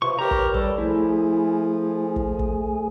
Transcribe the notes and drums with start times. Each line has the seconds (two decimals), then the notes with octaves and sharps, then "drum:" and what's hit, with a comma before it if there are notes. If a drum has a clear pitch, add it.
0.02 C3 F4 B4 C5 C#6
0.19 G4 A#4 B4 C#5 A#5
0.31 drum: kick
0.54 G3 A4, drum: kick
0.78 F3 A3 E4 G#4
2.16 drum: kick
2.39 drum: kick